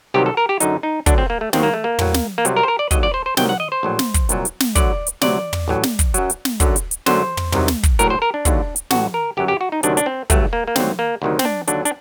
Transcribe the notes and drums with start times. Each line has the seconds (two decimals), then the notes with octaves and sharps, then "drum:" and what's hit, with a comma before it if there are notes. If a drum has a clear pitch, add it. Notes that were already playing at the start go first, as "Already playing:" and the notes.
0.14 C2 C3 D#3 F#3 G4
0.26 A4
0.37 A#4
0.49 G4
0.60 F#2 D3 F#3 D#4, drum: hi-hat
0.83 D#4
1.06 D2 D3 F#3 D4, drum: kick, hi-hat
1.18 C4
1.30 A#3
1.41 A3
1.53 D#2 D#3 F#3 C4, drum: snare
1.63 A#3
1.74 A3
1.84 A#3
1.99 A#1 A2 F#3, drum: tom
2.14 drum: snare
2.38 A#3
2.45 C2 C3 F#3 C4, drum: hi-hat
2.56 A#4
2.63 C5
2.68 A#4
2.79 D5
2.91 D#2 D3 F#3 D#5, drum: kick, hi-hat
3.03 D5
3.14 C5
3.26 C5
3.37 C2 C3 D#3 F#3 G5, drum: snare
3.49 F#5
3.60 D#5
3.72 C5
3.83 A#1 A2 F#3
3.99 drum: snare
4.14 drum: kick, hi-hat
4.29 C2 A#2 F#3, drum: hi-hat
4.45 drum: hi-hat
4.60 drum: snare
4.75 D2 D3 F#3 D5, drum: kick, hi-hat
5.07 drum: hi-hat
5.21 D2 C3 F#3 D5, drum: snare
5.53 drum: tom
5.68 A1 A2 F#3
5.83 drum: snare
5.99 drum: kick, hi-hat
6.14 F#2 F#3, drum: hi-hat
6.30 drum: hi-hat
6.45 drum: snare
6.60 F#2 D3 F#3, drum: kick, hi-hat
6.76 drum: hi-hat
6.91 drum: hi-hat
7.06 F#2 D3 F#3 C5, drum: snare
7.37 drum: tom
7.52 C2 C3 D#3 F#3, drum: tom
7.68 drum: snare
7.83 drum: kick, hi-hat
7.99 A#1 A2 F#3 A#4, drum: hi-hat
8.10 C5
8.22 A#4
8.34 D4
8.45 D#2 D3 F#3, drum: kick, hi-hat
8.76 drum: hi-hat
8.91 A1 A2 F#3 F#4, drum: snare
9.14 A#4
9.37 G1 F#2 F#3 G4
9.48 G4
9.61 F#4
9.72 D#4
9.83 D2 C3 D#3 F#3 D4, drum: hi-hat
9.97 D4, drum: hi-hat
10.06 C4
10.30 G1 G2 F#3 A3, drum: kick, hi-hat
10.53 A#3
10.68 A#3
10.76 D#2 D3 F#3 C4, drum: snare
10.99 A#3
11.22 D2 C3 D#3 F#3
11.39 C4, drum: snare
11.45 D4
11.67 D#2 D3 F#3 D4, drum: hi-hat
11.85 D4, drum: hi-hat